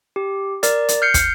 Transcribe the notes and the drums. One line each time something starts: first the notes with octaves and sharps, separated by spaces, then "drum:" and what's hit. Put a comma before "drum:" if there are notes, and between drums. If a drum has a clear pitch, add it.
G4
A#4 D5, drum: hi-hat
drum: hi-hat
F6 G6 C7 C#7
drum: kick, hi-hat